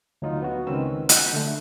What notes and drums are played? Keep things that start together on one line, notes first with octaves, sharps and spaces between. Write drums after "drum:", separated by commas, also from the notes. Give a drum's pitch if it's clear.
D2 F#3 D#4 F4
B3 F#4
C#2 D#3 C4 C#4 B4 E6
F#5 F#6 G6, drum: hi-hat
D3 A3